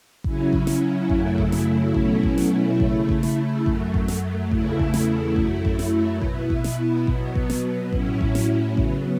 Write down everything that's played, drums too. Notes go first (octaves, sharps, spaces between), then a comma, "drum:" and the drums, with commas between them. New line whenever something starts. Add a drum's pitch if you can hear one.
C#3 F#3 C#4 E4, drum: kick A1
drum: kick A1
drum: snare
F#2 C#3 F#3 A3 E4, drum: kick A1
drum: kick A1
drum: snare
B2 F#3 A3 C#4 E4, drum: kick A1
drum: kick A1
drum: snare
C#3 A3 E4, drum: kick A1
drum: kick A1
drum: snare
F#2 F#3 A3, drum: kick A1
drum: kick A1
drum: snare
E2 C#3 A3 E4, drum: kick A1
drum: kick A1
drum: snare
F#2 F#3 A3 E4, drum: kick A1
drum: kick A1
drum: snare
B2 B3 E4, drum: kick A1
drum: kick A1
drum: snare
B2 F#3 B3, drum: kick A1
drum: kick A1
drum: snare
A2 F#3 C#4 E4, drum: kick A1
drum: kick A1
drum: snare
C#3 F#3 B3, drum: kick A1